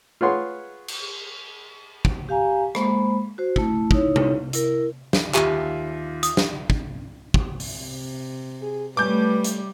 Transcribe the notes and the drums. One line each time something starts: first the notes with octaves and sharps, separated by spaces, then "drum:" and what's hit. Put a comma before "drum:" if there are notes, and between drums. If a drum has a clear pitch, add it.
F4 G#4 B4 C#5 F#5 C6
drum: cymbal
drum: kick
G4 F5 G#5 A#5
G#3 A#3 C5 B5, drum: rim click
F#4 C5
A3 E4, drum: kick
D#4 E4 C#5, drum: kick
drum: tom
E4 A#4, drum: hi-hat
drum: snare
D#2 F4 G4 E5, drum: clap
D#6, drum: hi-hat
drum: snare
drum: kick
drum: kick
drum: open hi-hat
C3
G#4
G3 A3 C#4 B4 D6 G6
drum: hi-hat